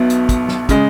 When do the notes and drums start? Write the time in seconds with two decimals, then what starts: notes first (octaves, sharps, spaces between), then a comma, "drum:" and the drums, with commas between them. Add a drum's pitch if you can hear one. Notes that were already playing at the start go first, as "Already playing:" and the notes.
Already playing: B1 B2 F#3 B3 E4
0.10 drum: hi-hat
0.29 drum: kick, hi-hat
0.48 drum: snare
0.69 C#3 G#3, drum: kick, hi-hat